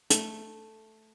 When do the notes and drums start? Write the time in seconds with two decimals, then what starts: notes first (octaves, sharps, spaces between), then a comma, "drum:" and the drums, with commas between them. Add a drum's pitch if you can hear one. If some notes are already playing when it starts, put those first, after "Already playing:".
0.10 A3, drum: hi-hat